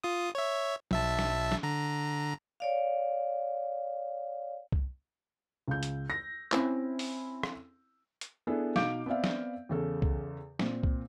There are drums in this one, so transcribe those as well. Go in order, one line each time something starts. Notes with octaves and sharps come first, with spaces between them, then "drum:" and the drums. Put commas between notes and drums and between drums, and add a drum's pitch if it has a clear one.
F4 D#6
C#5 E5
B1 E5 A5, drum: tom F3
drum: snare
drum: snare
D3 A#5
C#5 D5 F5
drum: kick
C#2 G6
drum: hi-hat
A#6
C4 C#4 E4, drum: clap
drum: open hi-hat
drum: rim click
drum: hi-hat
B3 D4 E4 G#4 A4
B2 D#4 F5 D6 G6 D7, drum: snare
B3 C4 D5 E5 F5
drum: snare
E2 C#3 A4
drum: kick
A#2 C4, drum: snare
drum: kick